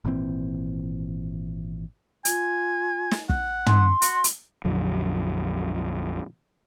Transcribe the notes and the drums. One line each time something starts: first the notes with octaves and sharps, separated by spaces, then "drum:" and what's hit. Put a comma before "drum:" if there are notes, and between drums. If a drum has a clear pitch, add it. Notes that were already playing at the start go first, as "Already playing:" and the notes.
G#1 A#2 E3 C4
F4 G#5, drum: hi-hat
drum: snare
F#5, drum: kick
C6, drum: tom
F#4, drum: hi-hat
drum: hi-hat
A#1 F2 D3 F#3